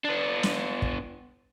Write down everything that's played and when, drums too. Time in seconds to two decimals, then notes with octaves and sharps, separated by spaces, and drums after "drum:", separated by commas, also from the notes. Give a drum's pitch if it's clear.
0.04 B3 D4
0.43 drum: snare
0.82 drum: kick